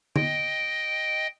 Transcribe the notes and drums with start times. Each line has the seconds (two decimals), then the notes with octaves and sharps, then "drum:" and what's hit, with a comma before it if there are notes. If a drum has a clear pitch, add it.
0.16 D#5 G5, drum: tom